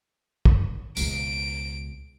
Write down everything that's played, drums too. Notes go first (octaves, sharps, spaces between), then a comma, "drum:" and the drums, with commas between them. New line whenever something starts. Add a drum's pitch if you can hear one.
drum: kick
C#2 B2 D7, drum: tambourine